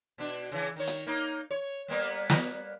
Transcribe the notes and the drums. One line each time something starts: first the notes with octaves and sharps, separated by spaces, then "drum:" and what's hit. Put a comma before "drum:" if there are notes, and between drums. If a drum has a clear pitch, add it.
B2 D4
C#3 E3
D#3 C#5
drum: hi-hat
A#3 D#4
C#5
G3 A#3 B3
drum: snare